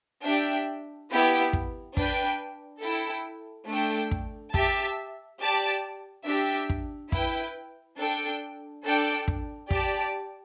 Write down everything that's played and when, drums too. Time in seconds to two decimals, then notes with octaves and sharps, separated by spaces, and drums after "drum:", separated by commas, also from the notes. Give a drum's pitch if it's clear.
0.24 D4 G4 E5 G5
1.10 B3 E4 G4
1.53 drum: kick
1.97 D4 B4 G5, drum: kick
2.82 E4 A4 G5
3.68 A3 D4 A4 G5
4.11 drum: kick
4.54 G4 E5 A5, drum: kick
5.40 G4 D5 A5
6.27 D4 G4 E5 G5
6.69 drum: kick
7.12 E4 B4 G5, drum: kick
7.99 D4 A4 G5
8.85 D4 A4 D5 G5
9.28 drum: kick
9.70 G4 D5 A5, drum: kick